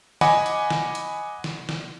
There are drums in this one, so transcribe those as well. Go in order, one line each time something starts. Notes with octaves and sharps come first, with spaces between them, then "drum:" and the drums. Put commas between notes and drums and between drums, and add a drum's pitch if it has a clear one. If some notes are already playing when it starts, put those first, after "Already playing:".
D#5 F#5 G#5 B5 D6, drum: snare
drum: hi-hat
drum: snare
drum: hi-hat
drum: snare
drum: snare